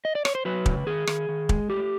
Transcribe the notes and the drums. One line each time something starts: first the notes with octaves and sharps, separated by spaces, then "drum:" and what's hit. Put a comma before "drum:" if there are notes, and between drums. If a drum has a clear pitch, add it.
D#5
D5
C#5, drum: rim click
C5
F#3 B4
C#3, drum: kick
D#3 G#4
D#3, drum: rim click
D#3
G#3, drum: kick
A3 G4